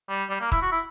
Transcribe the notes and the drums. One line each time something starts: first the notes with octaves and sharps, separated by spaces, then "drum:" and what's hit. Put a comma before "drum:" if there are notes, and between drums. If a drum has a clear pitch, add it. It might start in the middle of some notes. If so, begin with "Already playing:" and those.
G3
G3
A#3
E4, drum: kick
F#4
E4